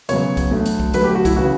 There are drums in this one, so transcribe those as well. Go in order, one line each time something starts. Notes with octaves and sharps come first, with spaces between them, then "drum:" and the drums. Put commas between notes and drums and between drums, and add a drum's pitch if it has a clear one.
E2 C#3 F#3 C#5, drum: hi-hat
drum: kick, hi-hat
D2 D3 F#3
drum: hi-hat
drum: kick
D2 D3 F#3 B4, drum: hi-hat
G4
F#4
E4, drum: kick, hi-hat
C#3 E3 F#4